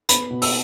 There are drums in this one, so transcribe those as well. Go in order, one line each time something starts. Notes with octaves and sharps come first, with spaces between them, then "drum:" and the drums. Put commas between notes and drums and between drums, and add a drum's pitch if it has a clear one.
B3 B5, drum: hi-hat
B2
E6, drum: open hi-hat